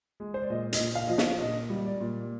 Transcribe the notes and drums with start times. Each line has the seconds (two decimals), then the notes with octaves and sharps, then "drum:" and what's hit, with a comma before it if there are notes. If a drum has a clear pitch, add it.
0.20 G#3
0.34 C5
0.42 D5
0.50 A#2 D#5
0.73 D#5, drum: hi-hat
0.79 A#2
0.95 F5
1.07 F3 D#5
1.18 F5, drum: snare
1.40 A#2 D#5
1.70 G3
1.85 D5
2.01 A#2